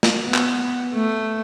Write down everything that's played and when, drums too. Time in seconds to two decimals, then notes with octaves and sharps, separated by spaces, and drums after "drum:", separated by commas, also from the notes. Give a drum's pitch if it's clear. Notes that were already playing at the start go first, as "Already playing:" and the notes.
0.03 drum: snare
0.25 B3
0.34 drum: clap
0.93 A3